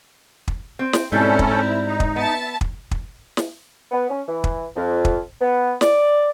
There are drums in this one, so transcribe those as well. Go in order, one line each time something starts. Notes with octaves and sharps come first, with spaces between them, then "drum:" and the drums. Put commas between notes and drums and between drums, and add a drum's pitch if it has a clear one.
drum: kick
C4
drum: snare
G#2 B2 G3 C4 C#4 E4 A4 A#5
drum: kick
G3
D#4
drum: kick
B3 E5 A5
drum: kick
drum: kick
drum: snare
B3
C#4
E3
drum: kick
F2
drum: kick
B3
D5, drum: snare